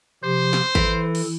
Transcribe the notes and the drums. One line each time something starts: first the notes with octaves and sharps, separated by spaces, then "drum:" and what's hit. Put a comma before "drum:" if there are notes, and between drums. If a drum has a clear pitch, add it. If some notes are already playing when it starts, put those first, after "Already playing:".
C3 F3 G4 C5
drum: snare
E3 A4, drum: kick G#1
drum: cymbal